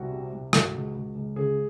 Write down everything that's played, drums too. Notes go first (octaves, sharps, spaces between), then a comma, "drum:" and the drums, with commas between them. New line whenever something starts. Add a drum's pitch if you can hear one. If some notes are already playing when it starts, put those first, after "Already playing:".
Already playing: C2 F#4
C3
C2
C#2 F#4, drum: rim click
C#2
C#2
C#2
C#3 G#4